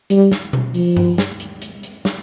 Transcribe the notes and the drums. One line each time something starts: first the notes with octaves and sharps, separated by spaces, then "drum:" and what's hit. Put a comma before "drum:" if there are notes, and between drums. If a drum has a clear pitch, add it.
G3, drum: hi-hat
drum: snare
drum: tom B2
F3, drum: open hi-hat
drum: tom G2
drum: snare
drum: hi-hat
drum: hi-hat
drum: hi-hat
drum: snare